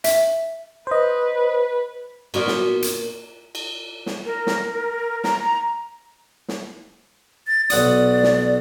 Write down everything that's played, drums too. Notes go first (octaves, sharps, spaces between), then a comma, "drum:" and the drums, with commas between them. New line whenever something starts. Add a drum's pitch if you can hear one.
E5, drum: hi-hat
B4 C5 D#5
A#2 B3 F4 F#4 C#5 D5, drum: cymbal
drum: snare
drum: hi-hat
drum: cymbal
drum: snare
A#4
drum: snare
A#5, drum: snare
drum: snare
A6
B1 D5 F#5 D#6, drum: hi-hat
drum: snare